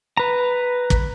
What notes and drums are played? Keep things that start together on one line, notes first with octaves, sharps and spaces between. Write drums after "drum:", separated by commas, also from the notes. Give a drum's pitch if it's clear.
B4 A#5
drum: kick